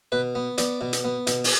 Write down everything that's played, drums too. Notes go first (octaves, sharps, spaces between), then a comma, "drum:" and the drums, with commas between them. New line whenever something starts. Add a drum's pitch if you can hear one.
B2 B4
B3
B3 D5, drum: hi-hat
B2
drum: hi-hat
B3
B2, drum: hi-hat
drum: open hi-hat